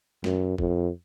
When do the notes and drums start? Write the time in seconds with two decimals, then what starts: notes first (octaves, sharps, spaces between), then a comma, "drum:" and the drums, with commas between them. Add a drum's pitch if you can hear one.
0.24 F#2, drum: snare
0.58 F2, drum: kick